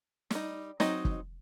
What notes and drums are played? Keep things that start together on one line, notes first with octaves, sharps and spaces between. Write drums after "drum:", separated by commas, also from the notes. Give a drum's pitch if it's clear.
G3 D#4, drum: snare
F#3 C4 D#4 D#5, drum: snare
drum: kick